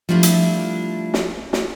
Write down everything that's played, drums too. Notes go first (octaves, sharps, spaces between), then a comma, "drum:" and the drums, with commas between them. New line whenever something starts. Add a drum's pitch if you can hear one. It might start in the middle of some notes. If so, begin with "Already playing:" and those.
F3 G3 A3 D4 E4 F4
drum: hi-hat
drum: snare
drum: snare